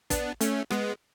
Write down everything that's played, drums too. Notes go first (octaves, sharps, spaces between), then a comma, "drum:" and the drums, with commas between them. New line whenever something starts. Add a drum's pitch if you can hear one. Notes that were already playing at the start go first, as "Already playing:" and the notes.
B3 D4, drum: kick, hi-hat
A3 C#4, drum: hi-hat
G#3 B3, drum: rim click